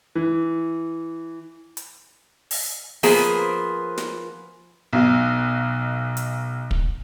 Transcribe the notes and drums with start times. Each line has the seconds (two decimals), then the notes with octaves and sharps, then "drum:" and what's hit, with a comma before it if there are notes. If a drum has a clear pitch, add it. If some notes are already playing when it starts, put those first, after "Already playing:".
0.15 E3
1.77 drum: hi-hat
2.51 drum: open hi-hat
3.03 F3 A#3 B3 G#4 B4 C5, drum: open hi-hat
3.98 drum: snare
4.93 B1 B2
6.17 drum: hi-hat
6.71 drum: kick